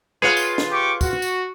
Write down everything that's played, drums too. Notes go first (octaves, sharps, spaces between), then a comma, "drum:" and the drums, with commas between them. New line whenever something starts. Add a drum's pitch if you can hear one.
F4 G#4 B4 C#5 F#5
drum: tambourine
drum: snare
G4 C#6 D6
F#4, drum: kick C2, tambourine
drum: tambourine